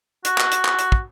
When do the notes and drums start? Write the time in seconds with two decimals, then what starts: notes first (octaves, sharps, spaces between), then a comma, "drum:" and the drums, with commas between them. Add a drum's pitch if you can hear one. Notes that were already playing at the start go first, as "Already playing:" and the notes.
0.25 F#4, drum: hi-hat
0.38 drum: clap
0.52 drum: hi-hat
0.65 drum: clap
0.79 drum: hi-hat
0.92 drum: kick